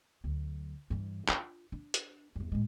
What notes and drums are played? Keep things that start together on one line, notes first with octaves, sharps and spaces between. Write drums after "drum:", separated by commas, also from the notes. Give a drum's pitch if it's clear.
D2 F#3
G2 E3
D4 F4, drum: clap
D4
drum: hi-hat
E2 G2
A2 G#3